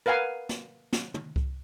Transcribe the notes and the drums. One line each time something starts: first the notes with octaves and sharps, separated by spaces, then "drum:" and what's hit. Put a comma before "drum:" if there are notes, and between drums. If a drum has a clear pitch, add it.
A#4 B4 F5 F#5 G#5
drum: snare
drum: snare
drum: tom
drum: kick C2